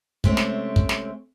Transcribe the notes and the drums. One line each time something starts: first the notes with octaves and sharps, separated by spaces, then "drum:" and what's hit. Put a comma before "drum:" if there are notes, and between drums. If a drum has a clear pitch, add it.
C3 G#3 A3 C4 C#4, drum: kick
drum: snare
drum: kick
drum: snare